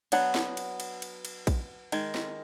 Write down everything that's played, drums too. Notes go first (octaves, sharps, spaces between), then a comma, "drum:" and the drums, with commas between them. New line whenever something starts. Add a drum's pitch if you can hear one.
F#3 B3 D4 F#5, drum: cymbal
drum: snare
drum: cymbal
drum: cymbal
drum: cymbal
drum: cymbal
drum: kick A#1, cymbal
D#3 G#3, drum: cymbal
drum: snare